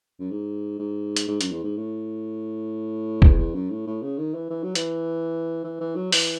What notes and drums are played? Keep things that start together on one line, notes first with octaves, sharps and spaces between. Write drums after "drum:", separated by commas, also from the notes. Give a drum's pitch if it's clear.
F#2
G#2
G#2
drum: hi-hat
G#2
F#2, drum: hi-hat
E2
G#2
A2
E2, drum: kick
E2
F#2
A2
A2
C#3
D#3
E3
E3
F#3
E3, drum: hi-hat
E3
E3
F#3
E3, drum: open hi-hat